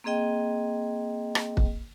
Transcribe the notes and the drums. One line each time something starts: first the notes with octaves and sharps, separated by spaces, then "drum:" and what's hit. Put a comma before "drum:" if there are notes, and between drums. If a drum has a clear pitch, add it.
A#3 C4 G#4 D#5 G5
drum: rim click
drum: kick